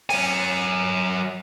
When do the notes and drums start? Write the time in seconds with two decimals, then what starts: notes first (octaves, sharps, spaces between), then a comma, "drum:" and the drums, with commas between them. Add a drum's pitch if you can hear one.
0.10 F#3 G#5, drum: open hi-hat